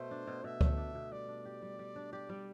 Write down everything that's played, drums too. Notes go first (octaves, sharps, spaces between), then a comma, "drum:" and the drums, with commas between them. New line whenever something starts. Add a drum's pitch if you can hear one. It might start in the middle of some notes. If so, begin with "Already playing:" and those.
Already playing: B2 A3 C5
D4
B2
B2 E5
A3, drum: kick C#2
D4
B2
G3 D5
D4
G4
G3
G3
D4
G4 D5
G3